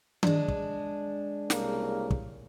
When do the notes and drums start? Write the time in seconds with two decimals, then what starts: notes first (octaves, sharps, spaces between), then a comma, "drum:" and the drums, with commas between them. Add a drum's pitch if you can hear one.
0.23 G#3 D4, drum: tom D#3
0.48 drum: kick
1.50 C2 C#3 A#3, drum: snare
2.11 drum: kick